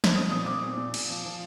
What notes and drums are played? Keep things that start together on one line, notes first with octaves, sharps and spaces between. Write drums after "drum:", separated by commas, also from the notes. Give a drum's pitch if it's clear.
drum: snare
C4 D#6
A#2 D#6
C4 D6
A#2
A#2
A#2, drum: cymbal
F3
F3